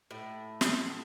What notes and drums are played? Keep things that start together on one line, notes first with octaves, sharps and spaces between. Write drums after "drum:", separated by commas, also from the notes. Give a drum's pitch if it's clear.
A2
drum: snare